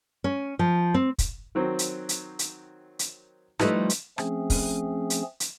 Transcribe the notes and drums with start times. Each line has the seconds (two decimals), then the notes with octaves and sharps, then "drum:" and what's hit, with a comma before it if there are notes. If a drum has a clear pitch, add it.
0.24 C#4
0.59 F3
0.94 C4
1.18 drum: kick, hi-hat
1.55 D#3 F#3 C4
1.79 drum: hi-hat
2.09 drum: hi-hat
2.39 drum: hi-hat
2.99 drum: hi-hat
3.59 F3 G3 A3 D#4 E4 B4, drum: rim click
3.90 drum: hi-hat
4.18 F3 A3 C4 C#4 G#4, drum: rim click
4.50 drum: kick, open hi-hat
5.10 drum: hi-hat
5.40 drum: hi-hat